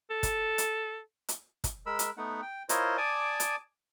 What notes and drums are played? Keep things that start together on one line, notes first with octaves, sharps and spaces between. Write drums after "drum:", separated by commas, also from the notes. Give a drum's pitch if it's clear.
A4
drum: kick, hi-hat
drum: hi-hat
drum: hi-hat
drum: kick, hi-hat
G#3 A#4 B5 E6
drum: hi-hat
A3 B3 D#4 F#5
G5
E4 F4 A#4 C5 C#5 D#5, drum: hi-hat
D5 G#5 A5 D6 D#6
drum: hi-hat